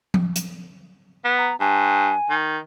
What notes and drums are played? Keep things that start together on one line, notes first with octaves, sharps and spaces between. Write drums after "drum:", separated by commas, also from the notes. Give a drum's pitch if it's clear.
drum: tom F3
drum: hi-hat
B3
A#5
G2 G#5
D#3